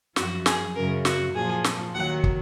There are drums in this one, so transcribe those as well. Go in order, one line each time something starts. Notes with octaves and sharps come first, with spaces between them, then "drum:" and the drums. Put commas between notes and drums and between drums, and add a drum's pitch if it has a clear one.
F#2 F3 F#4, drum: snare
G#4, drum: snare
F#2 C#3 F#3 A#4
F#4, drum: snare
A#2 F3 G#4
drum: snare
D#2 D#3 F#3 F#5
drum: kick